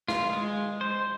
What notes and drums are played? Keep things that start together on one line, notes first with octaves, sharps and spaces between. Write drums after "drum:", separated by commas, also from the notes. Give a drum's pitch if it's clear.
F4, drum: snare
G#3
C5